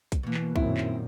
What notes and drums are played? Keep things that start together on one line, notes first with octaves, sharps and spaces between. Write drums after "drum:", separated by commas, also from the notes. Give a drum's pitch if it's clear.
drum: kick B1, hi-hat
B2 E3 A#3
drum: clap
F#2 A#2 D#3 C4 E4, drum: kick B1
drum: clap